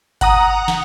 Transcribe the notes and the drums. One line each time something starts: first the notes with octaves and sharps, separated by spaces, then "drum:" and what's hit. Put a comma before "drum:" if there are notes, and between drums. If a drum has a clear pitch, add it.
F#5 A#5 D#6, drum: kick G1, hi-hat
drum: snare